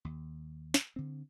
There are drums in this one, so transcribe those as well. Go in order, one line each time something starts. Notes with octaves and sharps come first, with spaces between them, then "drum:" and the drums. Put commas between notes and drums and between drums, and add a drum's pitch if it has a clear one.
D#2
drum: snare
D3 C4